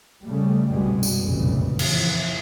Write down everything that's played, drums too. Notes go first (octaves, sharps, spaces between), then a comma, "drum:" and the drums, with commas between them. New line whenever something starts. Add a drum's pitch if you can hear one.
C#3 G3 A3
C2 F#2 B2 G3 G#3
drum: tambourine
F1 A#1 C#3 E3 G3
E3 F3, drum: cymbal